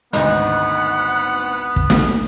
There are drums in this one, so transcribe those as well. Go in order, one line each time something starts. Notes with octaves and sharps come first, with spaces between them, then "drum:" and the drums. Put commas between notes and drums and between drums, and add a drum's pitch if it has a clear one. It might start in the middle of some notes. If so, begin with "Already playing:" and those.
G#1 D2 B3 D#4 F#5, drum: hi-hat
drum: kick
drum: snare